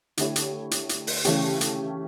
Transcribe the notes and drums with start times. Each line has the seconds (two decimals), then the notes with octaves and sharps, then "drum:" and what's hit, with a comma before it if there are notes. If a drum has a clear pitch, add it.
0.17 D3 A3 E4 G4 C#5, drum: hi-hat
0.36 drum: hi-hat
0.71 drum: hi-hat
0.89 drum: hi-hat
1.07 drum: open hi-hat
1.25 C#3 E3 A3 C#4 G4, drum: hi-hat
1.61 drum: hi-hat